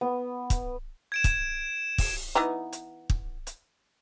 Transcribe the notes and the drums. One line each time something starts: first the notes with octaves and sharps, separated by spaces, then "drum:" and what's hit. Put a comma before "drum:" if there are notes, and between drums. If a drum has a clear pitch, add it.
B3
drum: kick, hi-hat
G#6 D7 E7
drum: kick, hi-hat
drum: kick, open hi-hat
E3 B3 D#4
drum: hi-hat
drum: kick
drum: hi-hat